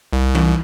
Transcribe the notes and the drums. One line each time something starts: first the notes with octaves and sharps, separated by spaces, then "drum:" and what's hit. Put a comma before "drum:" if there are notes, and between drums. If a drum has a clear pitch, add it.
C2
drum: tom E3